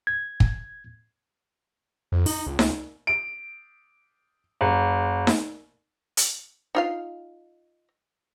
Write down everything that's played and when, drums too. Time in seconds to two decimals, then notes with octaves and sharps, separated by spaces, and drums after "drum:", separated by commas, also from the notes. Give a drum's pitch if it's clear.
0.07 G#6
0.40 drum: kick
2.12 F2
2.26 D#4, drum: open hi-hat
2.47 C#2
2.59 C#2, drum: snare D#4
3.07 D7
4.61 F#1
5.27 drum: snare D#4
6.17 drum: hi-hat
6.75 D#4 F4 F5